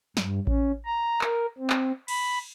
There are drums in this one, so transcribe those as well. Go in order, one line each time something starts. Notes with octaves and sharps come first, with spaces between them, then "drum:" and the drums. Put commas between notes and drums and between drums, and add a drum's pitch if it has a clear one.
G2, drum: snare
C#4, drum: kick A1
A#5
A#4, drum: clap
C4
drum: clap
B5, drum: cymbal